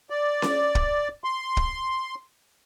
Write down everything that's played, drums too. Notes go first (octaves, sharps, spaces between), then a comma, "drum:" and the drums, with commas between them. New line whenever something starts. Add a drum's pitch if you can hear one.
D5
drum: snare C#4
drum: kick
C6
drum: kick